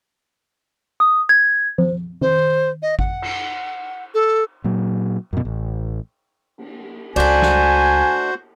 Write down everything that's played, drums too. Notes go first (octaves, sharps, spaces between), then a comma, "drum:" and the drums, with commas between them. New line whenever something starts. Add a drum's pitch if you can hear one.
D#6
G#6
C5, drum: tom F3
C5, drum: tom D#3
D#5
F#5, drum: kick G#1
drum: cymbal
A4
A#2 F#3
F#2 B2
A1
drum: cymbal
C#2 G#3 A3 D4 F#4 C5 G#5
drum: snare